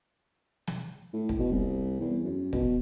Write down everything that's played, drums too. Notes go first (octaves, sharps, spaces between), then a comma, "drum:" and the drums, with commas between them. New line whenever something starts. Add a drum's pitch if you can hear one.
drum: snare
A2
drum: kick
B2
C2
E2
F#2
B2, drum: kick